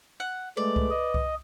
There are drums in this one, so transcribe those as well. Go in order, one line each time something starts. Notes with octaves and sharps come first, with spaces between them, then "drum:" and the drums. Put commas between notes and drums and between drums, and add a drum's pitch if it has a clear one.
F#5
G#3 A3 B4 D5
drum: kick C2
D#5
drum: kick C2